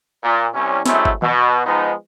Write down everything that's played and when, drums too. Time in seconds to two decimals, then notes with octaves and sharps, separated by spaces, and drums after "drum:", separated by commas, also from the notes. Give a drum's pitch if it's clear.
0.23 A#2
0.54 C2 C#4
0.86 F#3 G#3 A3 C4 C#4 E4, drum: snare
1.05 drum: kick G1
1.22 B2, drum: tom D#3
1.66 F3 G#3 B3 D#4